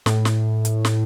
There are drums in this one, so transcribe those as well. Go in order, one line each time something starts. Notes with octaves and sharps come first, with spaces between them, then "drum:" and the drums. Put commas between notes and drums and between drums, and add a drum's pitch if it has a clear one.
A2, drum: snare
drum: snare
drum: hi-hat
drum: snare